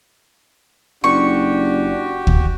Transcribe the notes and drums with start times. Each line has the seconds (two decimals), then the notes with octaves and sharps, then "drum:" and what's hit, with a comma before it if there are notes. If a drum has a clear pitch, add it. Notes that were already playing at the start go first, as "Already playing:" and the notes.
1.04 F#1 D4 F#4 G4 C#6
2.27 drum: kick